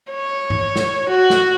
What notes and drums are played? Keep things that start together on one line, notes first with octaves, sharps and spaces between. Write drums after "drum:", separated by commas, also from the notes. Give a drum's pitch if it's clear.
C#5
drum: tom G2
drum: snare
F#4
drum: snare